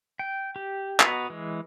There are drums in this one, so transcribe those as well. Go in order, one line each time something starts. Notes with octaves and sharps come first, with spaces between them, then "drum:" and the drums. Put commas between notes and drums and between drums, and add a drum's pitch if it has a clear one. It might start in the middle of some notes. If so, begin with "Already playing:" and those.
G5
G4
B3 F#4 B4 D#5 A#5, drum: clap
E3 G#3